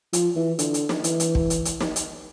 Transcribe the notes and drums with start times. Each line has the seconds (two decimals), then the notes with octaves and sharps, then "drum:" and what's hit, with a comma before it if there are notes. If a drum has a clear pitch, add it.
0.13 F3, drum: hi-hat
0.36 E3
0.59 D3, drum: hi-hat
0.74 drum: hi-hat
0.89 drum: snare
1.04 E3, drum: hi-hat
1.20 drum: hi-hat
1.35 drum: kick
1.50 drum: hi-hat
1.65 drum: hi-hat
1.81 drum: snare
1.96 drum: hi-hat